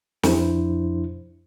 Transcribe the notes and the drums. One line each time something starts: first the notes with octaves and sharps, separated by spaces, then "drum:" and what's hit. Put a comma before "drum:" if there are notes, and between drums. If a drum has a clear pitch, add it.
F2 F3 D4 E4 C5, drum: snare